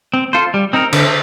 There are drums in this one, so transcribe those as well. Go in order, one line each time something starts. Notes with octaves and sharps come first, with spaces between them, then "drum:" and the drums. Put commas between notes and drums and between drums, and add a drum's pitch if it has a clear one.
C4
F4 A4 C5
G3
C4 D#4 A#4
D3, drum: cymbal